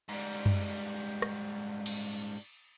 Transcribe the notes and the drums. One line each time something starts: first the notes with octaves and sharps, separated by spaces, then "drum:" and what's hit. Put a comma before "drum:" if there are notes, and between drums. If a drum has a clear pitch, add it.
G#2 G3
drum: tom F#2
drum: rim click
drum: cymbal